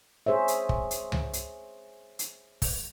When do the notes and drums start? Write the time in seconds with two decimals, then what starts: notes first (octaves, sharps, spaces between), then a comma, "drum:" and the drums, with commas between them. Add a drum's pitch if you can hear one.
0.26 G#4 C5 C#5 E5
0.48 drum: hi-hat
0.69 drum: kick
0.91 drum: hi-hat
1.12 drum: tom C#2
1.33 drum: hi-hat
2.19 drum: hi-hat
2.62 drum: kick, open hi-hat